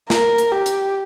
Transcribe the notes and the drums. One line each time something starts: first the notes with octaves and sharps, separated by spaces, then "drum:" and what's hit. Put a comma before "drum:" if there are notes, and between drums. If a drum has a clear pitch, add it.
A#4, drum: snare
drum: hi-hat
G4
drum: hi-hat